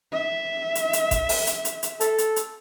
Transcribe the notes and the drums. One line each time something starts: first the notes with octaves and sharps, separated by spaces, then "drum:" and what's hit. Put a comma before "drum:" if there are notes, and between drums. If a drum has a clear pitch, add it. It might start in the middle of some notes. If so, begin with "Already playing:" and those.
E5
drum: hi-hat
drum: hi-hat
drum: kick G1, hi-hat
drum: open hi-hat
drum: hi-hat
drum: hi-hat
drum: hi-hat
A4, drum: hi-hat
drum: hi-hat
drum: hi-hat